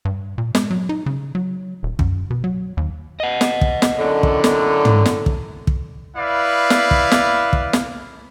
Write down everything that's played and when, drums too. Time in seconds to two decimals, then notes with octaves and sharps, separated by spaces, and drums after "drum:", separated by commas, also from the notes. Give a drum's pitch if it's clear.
0.05 G2
0.38 A#2
0.55 G#3, drum: snare
0.71 F#3
0.89 D#4
1.06 C#3
1.35 F#3
1.83 D#1
1.99 F#2, drum: kick
2.30 B2
2.44 F#3
2.77 D#2
3.20 D#5 F#5
3.41 drum: snare
3.61 drum: kick
3.82 drum: snare
3.99 F#2 A2 D3
4.23 drum: kick
4.44 drum: snare
4.85 drum: tom
5.06 drum: snare
5.26 drum: kick
5.67 drum: kick
6.16 E4 B4 D5 F5
6.70 drum: snare
6.91 drum: kick
7.12 drum: snare
7.53 drum: kick
7.73 drum: snare